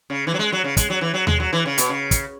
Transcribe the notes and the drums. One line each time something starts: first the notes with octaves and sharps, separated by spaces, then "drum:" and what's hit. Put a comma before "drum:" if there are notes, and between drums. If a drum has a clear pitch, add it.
C#3
E3
F#3
G#3
F#3
C#3
G#3, drum: kick, hi-hat
F#3
E3
F#3
G#3, drum: tom D#2
F#3
E3
C#3
B2, drum: hi-hat
C#3
drum: kick, hi-hat